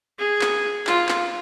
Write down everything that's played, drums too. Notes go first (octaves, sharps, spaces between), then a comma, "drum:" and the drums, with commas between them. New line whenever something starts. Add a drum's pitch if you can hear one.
G#4
drum: clap
F4, drum: clap
drum: clap